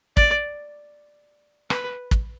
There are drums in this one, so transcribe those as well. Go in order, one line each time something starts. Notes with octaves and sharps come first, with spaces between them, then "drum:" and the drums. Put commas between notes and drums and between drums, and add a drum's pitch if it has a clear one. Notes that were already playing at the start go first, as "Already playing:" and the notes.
D5, drum: kick
B4, drum: rim click
drum: kick